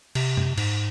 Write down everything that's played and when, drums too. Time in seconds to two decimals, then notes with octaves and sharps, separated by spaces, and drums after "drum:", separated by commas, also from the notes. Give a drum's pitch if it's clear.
0.15 C3, drum: cymbal
0.37 drum: tom F#2
0.58 G#2, drum: cymbal